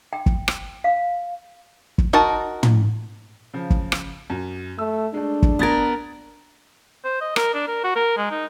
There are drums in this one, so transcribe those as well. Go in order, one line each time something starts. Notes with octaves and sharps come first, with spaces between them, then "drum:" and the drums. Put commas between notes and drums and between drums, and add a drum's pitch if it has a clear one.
G5
drum: kick
drum: rim click
F5
drum: kick
D#4 F#4 A#4 A5
drum: tom
C#3 F3
drum: kick
drum: rim click
F#2
A3 E6
G#3 A3 D4
drum: kick
B3 A#4 D#6 G#6 A6
C5
D#5
A#4, drum: rim click
D4
A#4
F#4
A#4
G#3
D#4